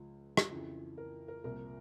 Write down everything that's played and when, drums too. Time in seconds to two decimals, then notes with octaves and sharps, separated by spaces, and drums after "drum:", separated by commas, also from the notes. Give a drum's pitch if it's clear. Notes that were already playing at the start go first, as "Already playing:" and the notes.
Already playing: C#2 C#3 F3
0.37 drum: rim click
0.51 F2 C#3 E3
0.98 A#4
1.28 A#4
1.44 C2 A#2 F3 A#4